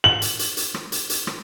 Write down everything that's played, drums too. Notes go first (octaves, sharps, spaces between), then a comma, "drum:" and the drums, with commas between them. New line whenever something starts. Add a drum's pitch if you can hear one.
F#7
drum: hi-hat
drum: hi-hat
drum: hi-hat
drum: rim click
drum: hi-hat
drum: hi-hat
drum: rim click